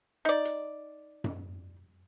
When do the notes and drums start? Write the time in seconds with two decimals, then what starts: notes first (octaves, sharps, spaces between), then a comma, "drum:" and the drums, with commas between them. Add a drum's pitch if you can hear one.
0.25 D#4 D5, drum: hi-hat
0.45 drum: hi-hat
1.24 drum: tom F#2